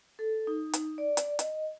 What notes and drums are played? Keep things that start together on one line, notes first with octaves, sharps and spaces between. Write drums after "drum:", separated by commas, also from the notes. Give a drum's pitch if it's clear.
A4
D#4
drum: hi-hat
D5
drum: hi-hat
D#5, drum: hi-hat